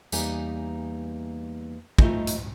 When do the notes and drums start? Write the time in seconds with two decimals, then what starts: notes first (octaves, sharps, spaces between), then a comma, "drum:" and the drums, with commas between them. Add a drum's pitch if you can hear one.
0.12 E2 G3 A#3 D#4 B4 G#5, drum: tambourine
1.99 A3 D#4 F4 C5 D#5 G#5, drum: kick
2.27 drum: hi-hat